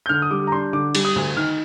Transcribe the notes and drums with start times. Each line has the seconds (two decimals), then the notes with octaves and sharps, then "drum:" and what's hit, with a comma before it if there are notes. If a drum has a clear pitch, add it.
0.06 G6
0.09 D3 F6
0.22 D#6
0.31 G3 D6
0.47 A#5
0.52 D4 C6
0.73 D3 D6
0.95 G3, drum: cymbal
1.05 D#6
1.16 D2
1.36 D#3 F6